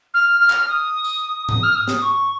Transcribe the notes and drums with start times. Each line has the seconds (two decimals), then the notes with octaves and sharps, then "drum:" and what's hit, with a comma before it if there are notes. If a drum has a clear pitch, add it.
0.14 F6
0.40 F6
0.50 drum: clap
0.68 D#6
1.04 drum: tambourine
1.49 D#6, drum: tom G#2
1.63 F6
1.75 D#6
1.88 drum: snare
2.02 C#6